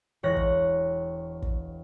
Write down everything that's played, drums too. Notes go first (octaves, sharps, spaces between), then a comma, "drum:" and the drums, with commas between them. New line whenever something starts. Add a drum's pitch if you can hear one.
E1 C#5 F#6 A#6
drum: kick
drum: kick